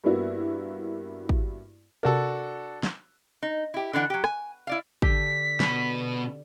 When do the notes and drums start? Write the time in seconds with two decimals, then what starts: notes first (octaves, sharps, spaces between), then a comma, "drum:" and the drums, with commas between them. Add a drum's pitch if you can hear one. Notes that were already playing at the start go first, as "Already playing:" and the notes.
0.04 G2 A#3 B3 E4 F#4
1.29 drum: kick
2.03 C3 D4 F#4 A4 A#4
2.83 drum: snare
3.43 D#4
3.74 E4 G4
3.93 D3 E3 D4 F#5
4.10 F#3 G4
4.24 G#5, drum: rim click
4.67 E4 D5 F5
5.02 D3 G4 B6, drum: kick
5.60 B2 B4, drum: snare